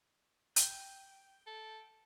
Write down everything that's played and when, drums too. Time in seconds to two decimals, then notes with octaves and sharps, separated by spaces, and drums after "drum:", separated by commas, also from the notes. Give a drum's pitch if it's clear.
0.56 G5, drum: hi-hat
1.47 A4